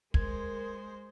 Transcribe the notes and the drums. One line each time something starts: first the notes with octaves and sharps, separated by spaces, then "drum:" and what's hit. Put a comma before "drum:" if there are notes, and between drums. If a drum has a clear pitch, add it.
G#3 A#4 C5 G#6, drum: kick